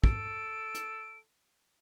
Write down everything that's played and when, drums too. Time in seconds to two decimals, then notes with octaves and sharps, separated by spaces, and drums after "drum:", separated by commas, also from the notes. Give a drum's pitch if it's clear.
0.04 A4 D7, drum: kick
0.74 drum: hi-hat